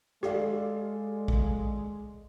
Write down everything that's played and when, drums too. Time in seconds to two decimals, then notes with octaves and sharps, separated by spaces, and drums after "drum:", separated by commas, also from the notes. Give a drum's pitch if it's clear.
0.23 G#3 G4 A4 D5 F5, drum: rim click
1.28 drum: kick A#1